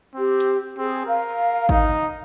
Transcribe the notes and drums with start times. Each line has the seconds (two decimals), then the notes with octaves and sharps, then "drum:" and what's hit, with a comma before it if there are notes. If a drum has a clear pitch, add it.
0.15 C4 G4
0.40 drum: hi-hat
0.78 C4 G#4
1.06 A#4 F5
1.69 D#4, drum: kick G#1